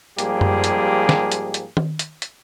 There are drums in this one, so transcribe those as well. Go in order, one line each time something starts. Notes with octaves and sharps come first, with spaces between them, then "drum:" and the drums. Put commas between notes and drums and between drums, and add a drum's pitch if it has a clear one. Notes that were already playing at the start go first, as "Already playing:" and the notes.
G#2 F3 G3 A#3 G4 G#4, drum: hi-hat
drum: tom F#2
drum: hi-hat
drum: snare
drum: hi-hat
drum: hi-hat
drum: tom D#3
drum: hi-hat
drum: hi-hat